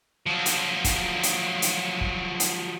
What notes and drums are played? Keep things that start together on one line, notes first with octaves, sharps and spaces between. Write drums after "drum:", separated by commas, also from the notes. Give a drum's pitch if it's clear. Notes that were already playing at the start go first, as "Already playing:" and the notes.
F3 F#3
drum: hi-hat
drum: kick, hi-hat
drum: hi-hat
drum: hi-hat
drum: kick
drum: hi-hat